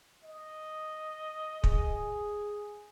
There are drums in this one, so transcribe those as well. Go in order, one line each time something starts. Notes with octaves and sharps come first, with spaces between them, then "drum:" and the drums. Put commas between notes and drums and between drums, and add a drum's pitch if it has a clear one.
D#5
G#4, drum: kick